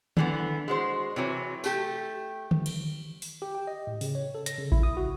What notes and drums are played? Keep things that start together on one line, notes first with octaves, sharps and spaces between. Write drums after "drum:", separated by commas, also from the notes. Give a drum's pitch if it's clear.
D3 E3 B3, drum: tom D3
G#3 F#4 C5
C3 E3 F#3
A3 G4, drum: tambourine
drum: tom D3
drum: cymbal
drum: open hi-hat
G4
G5
D#5
A2
C#3, drum: open hi-hat
C#5
A4
A#6, drum: hi-hat
C#3
E4, drum: kick A1
D#6
F#4